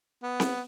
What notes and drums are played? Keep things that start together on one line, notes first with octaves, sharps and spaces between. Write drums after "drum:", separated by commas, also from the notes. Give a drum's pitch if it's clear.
B3
drum: snare C4